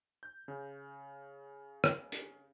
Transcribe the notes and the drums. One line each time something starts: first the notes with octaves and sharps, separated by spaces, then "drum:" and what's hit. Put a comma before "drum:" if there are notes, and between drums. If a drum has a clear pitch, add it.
G6
C#3
drum: rim click
drum: hi-hat